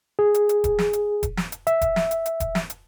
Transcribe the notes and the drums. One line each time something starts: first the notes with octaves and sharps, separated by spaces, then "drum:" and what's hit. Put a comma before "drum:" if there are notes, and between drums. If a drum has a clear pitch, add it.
G#4
drum: hi-hat
drum: hi-hat
drum: kick E1, hi-hat
drum: snare
drum: hi-hat
drum: kick E1, hi-hat
drum: snare
drum: hi-hat
E5, drum: hi-hat
drum: kick E1, hi-hat
drum: snare
drum: hi-hat
drum: hi-hat
drum: kick E1, hi-hat
drum: snare
drum: hi-hat